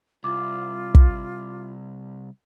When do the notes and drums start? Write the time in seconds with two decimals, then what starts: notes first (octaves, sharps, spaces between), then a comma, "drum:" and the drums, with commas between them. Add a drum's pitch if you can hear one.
0.24 C2 F4 D6
0.95 drum: kick